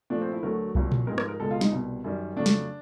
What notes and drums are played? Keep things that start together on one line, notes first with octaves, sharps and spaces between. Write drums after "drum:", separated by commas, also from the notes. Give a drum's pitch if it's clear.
A#2 F3 A3 D4
C4
E4
D2 D3 F#3 A3 A#4
C2 A#2 F#3, drum: kick
drum: tom A#2
G#2 F3 G#3 A#4
A#4, drum: rim click
A#4
C#2 B2 G#3 A4
F4
D#4, drum: snare
C2 B2 G3
F#2 D#3 G3
F2 C#3 F#3 A3 D4
drum: snare